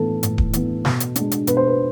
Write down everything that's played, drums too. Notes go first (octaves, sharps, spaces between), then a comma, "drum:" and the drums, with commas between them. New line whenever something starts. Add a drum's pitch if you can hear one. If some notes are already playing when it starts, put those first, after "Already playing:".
Already playing: A2 E3 B3 A4
A2, drum: hi-hat
drum: kick D1
E3 B3, drum: hi-hat
B2, drum: snare
drum: hi-hat
G#3 D4, drum: hi-hat
drum: hi-hat
B2 B4, drum: hi-hat
C5
B4